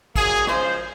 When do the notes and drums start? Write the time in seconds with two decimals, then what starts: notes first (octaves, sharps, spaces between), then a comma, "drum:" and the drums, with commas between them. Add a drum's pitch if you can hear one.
0.16 D#3 F#3 A#3 G#4, drum: kick, cymbal
0.47 C#3 F3 G#3 C5, drum: rim click